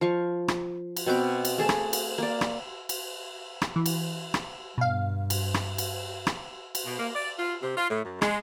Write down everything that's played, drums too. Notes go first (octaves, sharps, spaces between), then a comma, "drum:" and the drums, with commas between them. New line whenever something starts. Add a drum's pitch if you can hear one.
F3 F5 C#6
drum: rim click
drum: cymbal
B2 C4 B4 D6
drum: cymbal
A3 G#4 A5
drum: rim click
drum: cymbal
A#3 D5
drum: rim click
drum: cymbal
drum: rim click
E3
drum: cymbal
drum: rim click
G2 B2 F5
drum: cymbal
drum: rim click
drum: cymbal
drum: rim click
drum: cymbal
B2
A#3
D5
F4
C3
F4
A2
F#2
G#3, drum: rim click